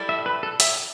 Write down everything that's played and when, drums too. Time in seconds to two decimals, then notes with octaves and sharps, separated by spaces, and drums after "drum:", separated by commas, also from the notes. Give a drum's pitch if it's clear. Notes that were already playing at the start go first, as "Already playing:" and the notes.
Already playing: G3 E4 A4 D5
0.09 E5
0.26 B4
0.43 A4
0.60 E5, drum: hi-hat